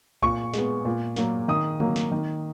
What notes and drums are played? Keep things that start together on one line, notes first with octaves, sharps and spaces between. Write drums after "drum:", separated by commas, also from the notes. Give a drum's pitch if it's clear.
A#2 C#6, drum: kick C2
G#3 B3, drum: snare
A#2
F#3 A#3, drum: snare
D#3 D#6
F#3 A#3, drum: tom C#3
drum: snare
D#3